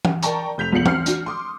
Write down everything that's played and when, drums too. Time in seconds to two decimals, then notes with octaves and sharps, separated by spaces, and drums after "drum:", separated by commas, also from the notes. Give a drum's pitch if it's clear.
0.05 drum: tom E3
0.23 A#4 D5 G5 A5 A#5 C#6, drum: hi-hat
0.58 F1 G6 B6 F7
0.72 B1 E2 F4 C7 C#7 F#7
0.86 C4 F6 C7, drum: tom E3
1.06 D4 F#4, drum: hi-hat
1.26 C6 D6 D#6